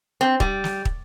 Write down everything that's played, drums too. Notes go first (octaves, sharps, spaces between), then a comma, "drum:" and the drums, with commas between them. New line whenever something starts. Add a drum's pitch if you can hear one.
C4
G3, drum: kick
drum: snare
drum: kick